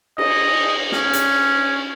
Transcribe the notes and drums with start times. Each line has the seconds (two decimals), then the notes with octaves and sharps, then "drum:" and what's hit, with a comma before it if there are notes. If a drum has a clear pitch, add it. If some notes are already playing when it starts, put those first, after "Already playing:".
0.18 D#5, drum: cymbal
0.92 C#4, drum: snare
1.13 drum: hi-hat